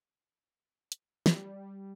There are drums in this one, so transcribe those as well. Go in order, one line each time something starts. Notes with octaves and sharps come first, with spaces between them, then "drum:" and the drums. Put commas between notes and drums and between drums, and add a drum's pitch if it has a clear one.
drum: hi-hat
G3, drum: snare